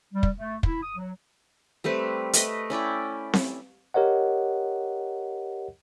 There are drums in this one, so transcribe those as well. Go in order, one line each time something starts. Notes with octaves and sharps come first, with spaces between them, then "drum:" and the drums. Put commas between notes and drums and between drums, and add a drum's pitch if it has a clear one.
G3
drum: kick
A3
E4, drum: kick
D#6
F#3
G3 A3 C4 B4
A3 B4 D#5, drum: hi-hat
C#4 E4 D5 G5
drum: snare C4
G4 A#4 C#5 D#5 F#5